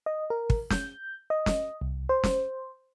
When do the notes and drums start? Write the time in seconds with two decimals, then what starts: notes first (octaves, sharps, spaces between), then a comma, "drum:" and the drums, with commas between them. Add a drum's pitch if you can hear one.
0.06 D#5
0.30 A#4
0.50 drum: kick
0.70 G6, drum: snare
1.30 D#5
1.46 drum: snare
1.81 C2
2.09 C5
2.24 drum: snare